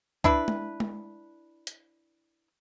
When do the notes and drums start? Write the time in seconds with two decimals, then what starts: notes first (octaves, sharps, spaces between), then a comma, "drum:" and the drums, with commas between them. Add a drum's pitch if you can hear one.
0.24 D4 E4 B4, drum: kick C2
0.48 drum: tom G#3
0.80 drum: tom G#3
1.67 drum: hi-hat